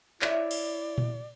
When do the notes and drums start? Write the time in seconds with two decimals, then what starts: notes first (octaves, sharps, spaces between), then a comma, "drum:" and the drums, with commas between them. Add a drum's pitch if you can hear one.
0.22 E4 C#5 D5 E5, drum: clap
0.51 drum: cymbal
0.98 drum: tom A#2